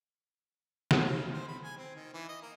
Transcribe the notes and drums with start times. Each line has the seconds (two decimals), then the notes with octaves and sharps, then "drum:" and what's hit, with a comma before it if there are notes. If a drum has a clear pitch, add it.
0.91 drum: snare
1.05 F5
1.33 C5
1.48 B5
1.63 G#5
1.77 C4
1.95 D#3
2.14 E3
2.29 D#5
2.42 A#3